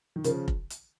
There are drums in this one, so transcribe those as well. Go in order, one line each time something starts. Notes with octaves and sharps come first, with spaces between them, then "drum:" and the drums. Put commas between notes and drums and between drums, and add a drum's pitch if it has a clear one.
D#3
C#3 F3 A#4, drum: hi-hat
drum: kick F1
drum: hi-hat